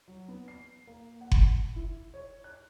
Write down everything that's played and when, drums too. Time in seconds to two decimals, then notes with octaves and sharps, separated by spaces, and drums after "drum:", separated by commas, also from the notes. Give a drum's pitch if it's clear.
0.08 F#3
0.28 B3
0.48 C7
0.87 A#3
1.21 F#5
1.32 drum: kick F#1
1.76 E4
2.14 C#5
2.44 F#6